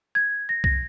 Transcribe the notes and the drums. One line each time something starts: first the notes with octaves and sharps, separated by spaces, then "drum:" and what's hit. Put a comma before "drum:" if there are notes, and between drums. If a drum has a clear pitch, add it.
G#6
A#6
A#6, drum: kick C2